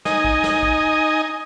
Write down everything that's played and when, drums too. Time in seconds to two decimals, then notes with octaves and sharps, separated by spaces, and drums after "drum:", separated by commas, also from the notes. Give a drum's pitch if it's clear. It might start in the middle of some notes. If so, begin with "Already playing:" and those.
0.05 D#4 D#5 G#5, drum: snare
0.25 drum: kick
0.44 drum: snare
0.63 drum: kick